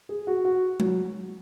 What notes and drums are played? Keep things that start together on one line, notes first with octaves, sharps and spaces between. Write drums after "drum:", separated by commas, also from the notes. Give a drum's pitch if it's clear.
G#4
F#4
F#4
F#3, drum: tom G#3